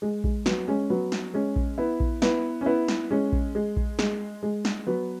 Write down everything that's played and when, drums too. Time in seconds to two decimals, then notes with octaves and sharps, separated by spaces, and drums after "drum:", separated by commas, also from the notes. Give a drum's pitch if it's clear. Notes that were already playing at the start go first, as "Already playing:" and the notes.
0.02 G#3
0.24 G#3, drum: kick A#1
0.46 F#3 B3, drum: snare
0.68 G#3 C#4
0.90 F#3 B3
1.12 drum: snare
1.34 G#3 C#4
1.56 drum: kick A#1
1.78 B3 E4
2.00 drum: kick A#1
2.22 B3 E4, drum: snare
2.61 C#4
2.66 B3 E4
2.88 drum: snare
3.11 G#3 C#4
3.33 drum: kick A#1
3.55 G#3
3.77 drum: kick A#1
3.99 G#3, drum: snare
4.43 G#3
4.65 drum: snare
4.87 F#3 B3